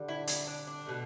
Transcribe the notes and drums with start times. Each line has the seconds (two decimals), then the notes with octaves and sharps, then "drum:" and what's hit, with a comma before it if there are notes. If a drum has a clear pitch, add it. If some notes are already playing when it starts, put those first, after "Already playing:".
Already playing: D3 G3
0.08 E4
0.27 E4, drum: hi-hat
0.47 D4
0.67 D4
0.86 B2 A3